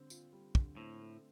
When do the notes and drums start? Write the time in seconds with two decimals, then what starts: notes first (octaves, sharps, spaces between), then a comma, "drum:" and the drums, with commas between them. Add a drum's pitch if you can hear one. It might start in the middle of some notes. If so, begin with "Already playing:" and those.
Already playing: D3 G3 C4
0.10 F4, drum: tambourine
0.33 G3
0.55 D3, drum: kick
0.77 A2 C4
0.99 A3